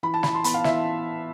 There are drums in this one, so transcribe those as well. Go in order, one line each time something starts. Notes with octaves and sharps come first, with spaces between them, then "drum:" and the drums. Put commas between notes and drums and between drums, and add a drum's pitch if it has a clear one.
E3 B5
A5
E3 B5, drum: snare
C6
B3 B5, drum: hi-hat
F5
E3 E5, drum: snare